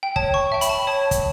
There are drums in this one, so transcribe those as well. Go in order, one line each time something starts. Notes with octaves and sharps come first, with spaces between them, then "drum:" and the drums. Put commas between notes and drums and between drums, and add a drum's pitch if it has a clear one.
G5
C#5 A5, drum: kick
C#6
E5 G5
B5, drum: hi-hat
A5
C#5 A5
drum: kick, hi-hat